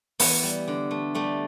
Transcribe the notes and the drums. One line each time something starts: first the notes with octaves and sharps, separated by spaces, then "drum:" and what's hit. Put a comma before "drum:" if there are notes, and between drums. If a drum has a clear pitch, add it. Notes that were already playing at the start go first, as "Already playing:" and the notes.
E3 B3, drum: open hi-hat
G3
D3
A3
G3 A3